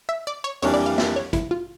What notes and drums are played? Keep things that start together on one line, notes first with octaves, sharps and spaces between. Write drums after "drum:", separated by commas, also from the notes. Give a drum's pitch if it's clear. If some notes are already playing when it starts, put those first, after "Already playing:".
E5
D5
C#5
F2 E3 G3 A#3 D4 C#5, drum: open hi-hat
D5
F5
E5, drum: snare
C#5
E4, drum: kick, hi-hat
F4